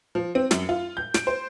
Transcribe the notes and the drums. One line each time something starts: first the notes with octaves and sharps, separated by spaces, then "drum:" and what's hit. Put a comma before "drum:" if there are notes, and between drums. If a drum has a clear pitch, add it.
F3
C4
F#2, drum: snare
F4
G6
D7, drum: snare
C5